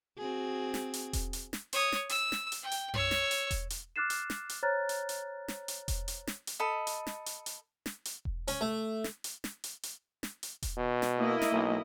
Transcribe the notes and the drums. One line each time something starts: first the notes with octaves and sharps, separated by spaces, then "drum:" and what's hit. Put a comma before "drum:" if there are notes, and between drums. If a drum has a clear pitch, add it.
C4 F#4 G#4
drum: snare
drum: hi-hat
drum: kick E1, hi-hat
drum: hi-hat
drum: snare
C#5 D#6, drum: hi-hat
drum: snare
E6, drum: hi-hat
drum: snare
drum: hi-hat
G5
drum: hi-hat
C#5 E6, drum: tom F#2
drum: snare
drum: hi-hat
drum: kick E1, hi-hat
drum: hi-hat
D6 F6 F#6 A6 C7 E7
drum: hi-hat
drum: snare
drum: hi-hat
C5 C#5 A#5 F6 F#6 A6
drum: hi-hat
drum: hi-hat
drum: snare
drum: hi-hat
drum: kick E1, hi-hat
drum: hi-hat
drum: snare
drum: hi-hat
A4 D#5 B5
drum: hi-hat
drum: snare
drum: hi-hat
drum: hi-hat
drum: snare
drum: hi-hat
drum: kick E1
C#4, drum: hi-hat
A3
drum: snare
drum: hi-hat
drum: snare
drum: hi-hat
drum: hi-hat
drum: snare
drum: hi-hat
drum: kick E1, hi-hat
B2
drum: snare
A#3 E4 D#5
drum: snare
B1